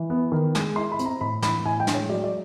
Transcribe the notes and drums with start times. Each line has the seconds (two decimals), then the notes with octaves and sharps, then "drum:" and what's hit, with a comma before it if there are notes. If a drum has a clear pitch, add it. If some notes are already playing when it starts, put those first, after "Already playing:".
Already playing: E3
0.10 B3
0.32 D#3
0.55 G#3, drum: snare
0.76 E4 C6
0.92 B5
0.99 C4, drum: hi-hat
1.06 A#5
1.21 A2 B5
1.42 E3 B5, drum: snare
1.65 A2 G#5
1.80 G5
1.87 G#3, drum: snare
1.94 C#5
2.09 F#3 D5
2.24 D5